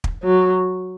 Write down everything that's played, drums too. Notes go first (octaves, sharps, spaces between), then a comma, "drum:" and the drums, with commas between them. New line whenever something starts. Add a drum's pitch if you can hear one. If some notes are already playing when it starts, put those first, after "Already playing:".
drum: kick
F#3